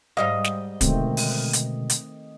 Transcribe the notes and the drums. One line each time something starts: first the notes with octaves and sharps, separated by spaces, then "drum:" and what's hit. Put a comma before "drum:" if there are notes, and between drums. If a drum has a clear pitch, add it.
G#2 G3 D#5 F5
drum: snare
B2 D3 D#3 G#3 A3 C4, drum: kick, hi-hat
drum: open hi-hat
drum: hi-hat
drum: hi-hat